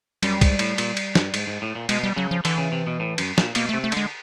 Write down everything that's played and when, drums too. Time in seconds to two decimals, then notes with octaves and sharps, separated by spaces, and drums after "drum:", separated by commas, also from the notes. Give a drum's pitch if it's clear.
0.23 F#2 G3, drum: cymbal
0.41 G#2, drum: kick C2, cymbal
0.59 A2, drum: cymbal
0.78 A#2, drum: cymbal
0.97 drum: cymbal
1.15 G2, drum: snare
1.34 G#2, drum: cymbal
1.47 G#2
1.62 A2
1.75 A#2
1.89 B2 G#3, drum: cymbal
2.03 G3
2.17 C#3 F#3
2.31 F3
2.45 D3 E3, drum: cymbal
2.58 C#3
2.72 C3
2.87 B2
3.00 A2
3.18 F#2, drum: cymbal
3.38 A#2, drum: snare
3.55 B2 A#3, drum: cymbal
3.69 C3 A3
3.84 A3
3.92 D3 G#3, drum: cymbal